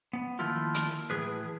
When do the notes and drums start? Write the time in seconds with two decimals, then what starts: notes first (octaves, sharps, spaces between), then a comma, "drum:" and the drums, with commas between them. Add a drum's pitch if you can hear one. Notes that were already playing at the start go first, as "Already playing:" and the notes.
0.13 B3
0.39 D#3 F3 A3 A#3 E4 F4
0.74 drum: hi-hat
1.10 A2 E3 G#4 B4